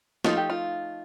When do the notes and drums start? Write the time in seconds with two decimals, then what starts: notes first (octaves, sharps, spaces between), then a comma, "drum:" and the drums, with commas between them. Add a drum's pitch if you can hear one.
0.25 F3 A3 D#4 F4, drum: snare
0.37 G4
0.50 F4